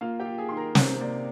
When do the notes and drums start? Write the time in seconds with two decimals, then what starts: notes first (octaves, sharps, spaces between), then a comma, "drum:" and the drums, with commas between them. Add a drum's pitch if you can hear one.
0.01 A#3 F4 F5
0.20 G4 G5
0.25 F4
0.38 G#4 G#5
0.49 D#3 C6
0.57 A#4 A#5
0.75 C3 C5, drum: snare
1.00 A#3 D5